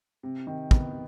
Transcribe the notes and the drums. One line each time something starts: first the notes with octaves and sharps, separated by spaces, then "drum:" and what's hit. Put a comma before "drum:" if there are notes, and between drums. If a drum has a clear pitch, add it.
C3
D#3
B3, drum: kick